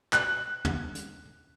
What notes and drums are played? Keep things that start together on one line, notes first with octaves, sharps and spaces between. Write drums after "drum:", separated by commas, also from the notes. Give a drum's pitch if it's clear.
F#6, drum: clap
drum: tom
drum: hi-hat